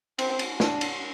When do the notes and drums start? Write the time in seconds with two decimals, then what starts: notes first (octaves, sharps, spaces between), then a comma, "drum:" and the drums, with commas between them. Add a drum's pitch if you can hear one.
0.19 C4, drum: cymbal
0.39 drum: cymbal
0.60 D4, drum: snare
0.81 drum: cymbal